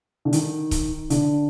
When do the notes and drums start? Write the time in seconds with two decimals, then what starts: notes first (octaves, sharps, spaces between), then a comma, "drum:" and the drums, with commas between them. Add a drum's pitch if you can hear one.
0.25 D3
0.33 D#3, drum: hi-hat
0.71 drum: kick C#1, hi-hat
1.10 D3, drum: hi-hat